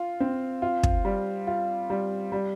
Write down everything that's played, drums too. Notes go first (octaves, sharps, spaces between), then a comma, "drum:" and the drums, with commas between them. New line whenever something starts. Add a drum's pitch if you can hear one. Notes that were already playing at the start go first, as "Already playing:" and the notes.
Already playing: F4
C4
F4
drum: kick
G3
F4
G3
G3